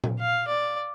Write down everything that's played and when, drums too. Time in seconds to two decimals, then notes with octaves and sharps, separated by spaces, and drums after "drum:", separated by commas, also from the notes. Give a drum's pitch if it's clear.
0.04 drum: tom A#2
0.20 F5
0.48 D5